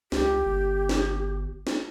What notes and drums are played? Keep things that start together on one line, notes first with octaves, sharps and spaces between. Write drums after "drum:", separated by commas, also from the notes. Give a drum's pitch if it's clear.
C#2 G4, drum: snare
G1
drum: snare
drum: snare